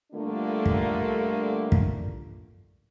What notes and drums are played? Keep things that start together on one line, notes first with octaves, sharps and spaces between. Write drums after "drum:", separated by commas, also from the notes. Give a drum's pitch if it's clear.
D3 G3 A3 A#3 D4 F4
drum: kick
drum: kick